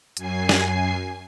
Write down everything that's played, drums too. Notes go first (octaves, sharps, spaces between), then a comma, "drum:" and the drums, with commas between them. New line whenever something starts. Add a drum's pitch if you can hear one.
F#2 G#5 C7, drum: hi-hat
drum: snare